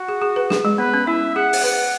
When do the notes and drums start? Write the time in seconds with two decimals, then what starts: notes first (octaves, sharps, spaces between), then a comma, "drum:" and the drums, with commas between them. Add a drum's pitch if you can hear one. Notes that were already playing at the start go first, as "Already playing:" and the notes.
Already playing: F#4
0.08 G#4
0.22 G#4
0.36 B4
0.50 G#4, drum: snare
0.65 G#3
0.78 B3 B4
0.94 C#4
1.07 E4 E5
1.35 G#4 F#5
1.53 drum: open hi-hat
1.63 B4 F#5